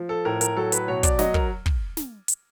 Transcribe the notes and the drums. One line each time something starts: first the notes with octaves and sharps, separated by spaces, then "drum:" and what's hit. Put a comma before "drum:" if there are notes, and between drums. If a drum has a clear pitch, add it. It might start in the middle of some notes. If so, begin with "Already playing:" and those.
Already playing: F3
A4
A2 A#4
A#4, drum: hi-hat
F#3 A4
B4, drum: hi-hat
B2 C#5
D5, drum: kick, hi-hat
F#3 D#5, drum: snare
A#4, drum: kick
drum: kick
drum: snare
drum: hi-hat